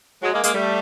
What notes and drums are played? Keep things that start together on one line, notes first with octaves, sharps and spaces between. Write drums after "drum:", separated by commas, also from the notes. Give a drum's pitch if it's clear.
F#3 G#3
G#3 A#3
G#3 A#3, drum: hi-hat
G3 A3